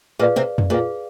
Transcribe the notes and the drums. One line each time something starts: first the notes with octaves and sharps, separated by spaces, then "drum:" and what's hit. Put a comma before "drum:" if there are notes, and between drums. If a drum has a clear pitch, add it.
A#2 A#3 G#4 B4 D5 F5
C3 C4
drum: tom F2
A#2 A#3 G#4 B4 D5 F5